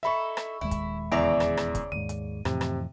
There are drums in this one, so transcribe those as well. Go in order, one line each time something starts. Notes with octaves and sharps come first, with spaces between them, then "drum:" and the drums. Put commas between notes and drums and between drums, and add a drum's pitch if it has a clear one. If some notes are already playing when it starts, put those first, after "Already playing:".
D#4 E4 A4 E5 B5 C#6
drum: rim click
D#1 D#2 G#3 E4
drum: kick, hi-hat
E2 C#3 D5 E5 A#5 D7
drum: rim click
drum: rim click
drum: kick, hi-hat
D#2 G#2 D#7
drum: hi-hat
F2 A2 C3 E3, drum: rim click
drum: rim click